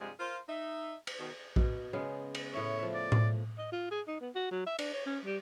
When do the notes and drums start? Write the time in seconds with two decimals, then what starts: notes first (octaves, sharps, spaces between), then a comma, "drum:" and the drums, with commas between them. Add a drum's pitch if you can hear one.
0.01 G2 C3 F3 G3 G#3 G#4
0.20 F4 A#4 C5
0.49 D#4 E5
1.07 drum: cymbal
1.20 B2 D#3
1.56 B2, drum: kick A#1
1.93 C#3 G#3 B3
2.35 drum: cymbal
2.53 A2 C#5 E5
2.79 F3 E5
2.94 D5
3.12 drum: tom A2
3.58 D#5
3.72 F4
3.91 G#4
4.07 D#4
4.21 B3
4.35 F#4
4.51 F#3
4.66 E5
4.79 D4, drum: cymbal
4.94 C#5
5.06 C#4
5.25 G3